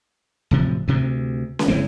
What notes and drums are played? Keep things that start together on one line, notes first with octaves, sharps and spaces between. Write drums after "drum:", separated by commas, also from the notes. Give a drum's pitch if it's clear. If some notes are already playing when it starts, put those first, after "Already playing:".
D1 C3 F3
D2 C3
drum: snare C#4
F#1 E3 G#3 C4